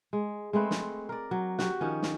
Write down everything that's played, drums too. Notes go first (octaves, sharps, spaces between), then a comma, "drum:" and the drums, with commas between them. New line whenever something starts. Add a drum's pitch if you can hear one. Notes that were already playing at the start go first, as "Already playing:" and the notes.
G#3
G#3 A3 C4 B4
drum: snare
A#4 D5
F#3
F#4 G4, drum: snare
D#3 F3 C#4
drum: snare